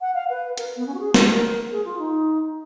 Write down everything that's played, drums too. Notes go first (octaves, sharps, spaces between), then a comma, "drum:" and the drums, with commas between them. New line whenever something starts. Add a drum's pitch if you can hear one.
F#5
F5
B4
A#4, drum: hi-hat
B3
C#4
F#4
G#4
A#4, drum: snare
B4
A#4
G#4
F4
D#4